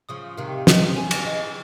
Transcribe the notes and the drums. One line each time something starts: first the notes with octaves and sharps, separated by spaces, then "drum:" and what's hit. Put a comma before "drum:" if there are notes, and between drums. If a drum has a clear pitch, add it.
C#3 F3 D#6
C3 D#3 F5
C3 D#3 D#5, drum: snare
G#5
drum: cymbal
C#3 D#5